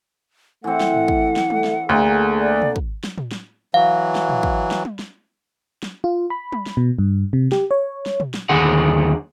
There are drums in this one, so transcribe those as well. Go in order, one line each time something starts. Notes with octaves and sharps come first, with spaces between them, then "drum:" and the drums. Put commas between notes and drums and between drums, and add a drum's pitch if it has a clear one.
E3 A3 C4 F#5
drum: snare
drum: tom
drum: kick
drum: snare
A3, drum: tom
drum: snare
D2 D3 A#3 G#4
D5
drum: tom
drum: kick
drum: snare
drum: tom
drum: snare
E3 F#3 F5
drum: snare
drum: tom
drum: kick
drum: snare
drum: tom
drum: snare
drum: snare
F4
B5
drum: tom
drum: snare
B2
G2
C3
G4, drum: snare
C#5
drum: snare
drum: tom
drum: snare
D#2 D3 G#4 F#5